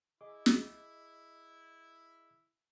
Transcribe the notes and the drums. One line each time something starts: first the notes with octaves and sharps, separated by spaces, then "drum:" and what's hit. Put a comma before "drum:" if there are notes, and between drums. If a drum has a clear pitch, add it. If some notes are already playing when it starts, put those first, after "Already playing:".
E4 G#4 D#5 D6
drum: snare